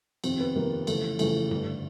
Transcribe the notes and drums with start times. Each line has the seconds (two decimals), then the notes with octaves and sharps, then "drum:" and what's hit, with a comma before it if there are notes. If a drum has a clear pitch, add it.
0.24 F2 C3 D#3 C4, drum: cymbal
0.40 B3
0.55 F2 C3 D#3 A#3
0.87 F2 C#3 E3 A3, drum: cymbal
1.19 F2 C#3 E3 A3, drum: cymbal
1.51 G2 D3, drum: tom F#2